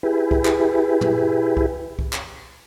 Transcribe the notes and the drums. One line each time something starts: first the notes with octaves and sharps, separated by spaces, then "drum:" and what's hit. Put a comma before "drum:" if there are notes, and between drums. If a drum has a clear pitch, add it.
E4 G4 G#4 B4
drum: kick C2
drum: clap
drum: tom
drum: kick C2
drum: kick C2
drum: clap